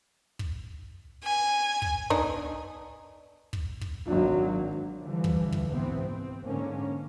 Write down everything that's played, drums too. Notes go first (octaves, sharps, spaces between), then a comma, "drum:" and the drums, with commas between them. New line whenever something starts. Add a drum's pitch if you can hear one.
drum: kick
G#5
drum: kick
B3 D4 D#4, drum: kick
drum: kick
drum: kick
G#1 F#3 D4
D3 E3 F3 G3
drum: kick
drum: kick
G#2 C3 E3 B3 C4
C4
G#2 D3 A#3 C#4